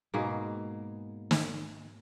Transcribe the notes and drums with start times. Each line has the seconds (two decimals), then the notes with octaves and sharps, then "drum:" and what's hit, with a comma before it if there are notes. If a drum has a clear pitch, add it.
0.14 G#2 B2 A#3 G#4
1.31 drum: snare